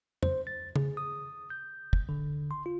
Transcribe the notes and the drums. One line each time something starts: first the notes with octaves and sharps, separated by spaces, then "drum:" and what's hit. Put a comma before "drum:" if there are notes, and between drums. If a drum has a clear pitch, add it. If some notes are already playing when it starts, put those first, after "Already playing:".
C5, drum: tom
A6
G#4, drum: tom
D#6
G6
drum: kick
D3
C6
F4